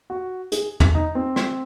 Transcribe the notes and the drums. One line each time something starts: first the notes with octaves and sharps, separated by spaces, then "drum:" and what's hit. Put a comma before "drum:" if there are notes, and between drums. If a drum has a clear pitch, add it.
F#4
G#4, drum: hi-hat
drum: tom
D#4
C4
drum: rim click